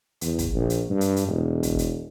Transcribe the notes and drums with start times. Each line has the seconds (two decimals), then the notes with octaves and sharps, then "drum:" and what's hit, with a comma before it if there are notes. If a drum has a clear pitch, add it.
0.21 E2, drum: hi-hat
0.39 drum: kick, hi-hat
0.54 A#1
0.70 drum: hi-hat
0.90 G2
1.01 drum: hi-hat
1.16 drum: hi-hat
1.27 E1
1.63 drum: kick, hi-hat
1.79 drum: hi-hat